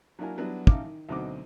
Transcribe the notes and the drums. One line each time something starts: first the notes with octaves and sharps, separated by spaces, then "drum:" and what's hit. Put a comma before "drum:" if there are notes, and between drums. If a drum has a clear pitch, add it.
F#3 A#3 D4 E4 A#4 G#5
F#3 G3 B3 D4 E4 F#4
A1 C#3 D#4 F5 D6, drum: kick
D#3
D2 B2 F#3 C4 D#4 D6